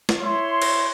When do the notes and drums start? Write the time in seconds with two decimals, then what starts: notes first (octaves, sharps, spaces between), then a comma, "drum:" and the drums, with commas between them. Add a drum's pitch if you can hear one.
0.09 drum: snare
0.20 E4 C#5 C6
0.62 drum: cymbal